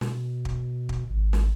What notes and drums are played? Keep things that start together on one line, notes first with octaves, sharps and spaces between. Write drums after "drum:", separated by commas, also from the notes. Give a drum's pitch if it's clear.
B2, drum: snare
drum: kick
drum: kick
G#1
drum: snare